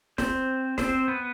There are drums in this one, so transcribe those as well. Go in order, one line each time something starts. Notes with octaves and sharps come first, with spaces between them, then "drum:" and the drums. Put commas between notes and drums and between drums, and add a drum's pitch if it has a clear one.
C4 C5, drum: snare
C4 C5, drum: snare
B3 B4